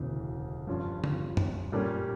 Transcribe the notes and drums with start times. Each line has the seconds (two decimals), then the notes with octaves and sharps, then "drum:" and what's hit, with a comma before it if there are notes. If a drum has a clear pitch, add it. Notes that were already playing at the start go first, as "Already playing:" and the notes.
Already playing: E1 D2 C#3 E3
0.67 G2 F3 C#4 F4
1.04 drum: tom D3
1.37 drum: tom F#2
1.72 A#2 G3 A#3 C#4